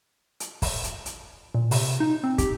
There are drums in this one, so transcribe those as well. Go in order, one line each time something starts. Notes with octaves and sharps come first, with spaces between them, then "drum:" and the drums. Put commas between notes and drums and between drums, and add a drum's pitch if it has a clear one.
drum: hi-hat
drum: kick, open hi-hat
drum: hi-hat
drum: hi-hat
A#2
C3, drum: open hi-hat
D#4
C4
G4, drum: kick, hi-hat